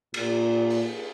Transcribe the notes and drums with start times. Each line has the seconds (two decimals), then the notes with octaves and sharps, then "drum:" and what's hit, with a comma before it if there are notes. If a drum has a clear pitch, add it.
0.14 A#2, drum: cymbal
0.70 drum: open hi-hat